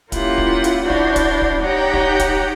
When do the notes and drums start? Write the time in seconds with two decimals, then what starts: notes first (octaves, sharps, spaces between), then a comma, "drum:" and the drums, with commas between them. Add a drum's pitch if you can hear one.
0.12 A#3 C#4 E4 F4 G4 F#5, drum: kick, hi-hat
0.38 drum: kick
0.64 drum: hi-hat
0.81 D4 E4 F#4 C5 C#5
0.90 drum: kick
1.16 drum: kick, hi-hat
1.42 drum: kick
1.60 D#4 G4 C#5 F#5 G5 A#5
1.94 drum: kick
2.19 drum: kick, hi-hat